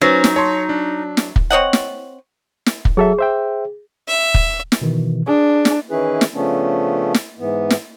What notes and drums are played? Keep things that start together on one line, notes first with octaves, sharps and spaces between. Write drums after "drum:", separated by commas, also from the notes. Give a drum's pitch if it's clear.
F#3 C#4 D#4 B4 C5 A6
drum: snare
C#5 A5 C6
D4
drum: snare
drum: kick
C4 C#5 D#5 F#5
drum: snare
drum: snare
drum: kick
F#3 G#4 A4 E5
C5 E5 G5
E5
drum: kick
drum: snare
B2 D#3 E3
D4 G#4
drum: snare
D#3 E3 C#4 E4 G#4 B4
drum: snare
C#3 F3 A3 B3 C#4 D4
drum: snare
G#2 E3 B3
drum: snare